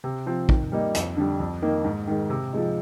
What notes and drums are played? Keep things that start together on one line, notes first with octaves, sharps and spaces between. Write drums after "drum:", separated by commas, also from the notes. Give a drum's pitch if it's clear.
C3
F3 C4
D#3, drum: kick
G3 A#3 D#4
F2, drum: hi-hat
D3 G3
F2
D#3 A#3 D#4
G#2
D#3 G#3
C3
F3 G#3 D#4